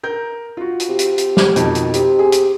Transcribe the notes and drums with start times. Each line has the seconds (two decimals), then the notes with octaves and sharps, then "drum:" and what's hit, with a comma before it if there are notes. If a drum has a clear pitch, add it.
0.03 A#4 G6
0.57 F4 F#4
0.80 drum: hi-hat
0.89 C3
0.99 drum: hi-hat
1.18 drum: hi-hat
1.37 drum: snare
1.56 F2 B2 D#3, drum: hi-hat
1.75 drum: hi-hat
1.94 C3, drum: hi-hat
2.19 G#4
2.32 drum: hi-hat